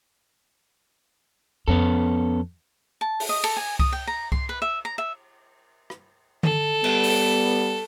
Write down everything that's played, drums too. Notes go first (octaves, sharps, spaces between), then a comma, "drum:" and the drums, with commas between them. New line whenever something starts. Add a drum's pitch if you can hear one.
F2 B3 C#4 A4
A5
drum: open hi-hat
D#5
A4, drum: cymbal
G#5
D#6, drum: kick C2
G5
A#5
C6, drum: kick C2
B4
E5
A#5
E5
drum: rim click
A4, drum: tom D3
G3 B3, drum: cymbal
drum: open hi-hat